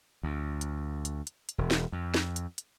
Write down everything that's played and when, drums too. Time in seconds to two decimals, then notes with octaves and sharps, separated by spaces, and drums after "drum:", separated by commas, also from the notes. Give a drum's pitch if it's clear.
0.23 D2
0.61 drum: hi-hat
1.05 drum: hi-hat
1.27 drum: hi-hat
1.49 drum: hi-hat
1.58 E1
1.71 drum: snare
1.92 F2
2.14 drum: snare
2.36 drum: hi-hat
2.58 drum: hi-hat